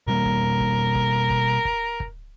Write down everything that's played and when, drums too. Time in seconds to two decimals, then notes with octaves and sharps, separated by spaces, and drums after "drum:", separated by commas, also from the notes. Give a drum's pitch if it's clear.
0.08 B2 G3 A#3 A#4
0.25 drum: kick
0.60 drum: kick
0.95 drum: kick
1.30 drum: kick
1.65 drum: kick
2.00 drum: kick